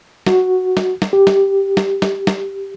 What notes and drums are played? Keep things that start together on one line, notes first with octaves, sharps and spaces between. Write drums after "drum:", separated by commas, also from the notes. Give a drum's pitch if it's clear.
F#4, drum: snare
drum: snare
drum: snare
G4
drum: snare
drum: snare
drum: snare
drum: snare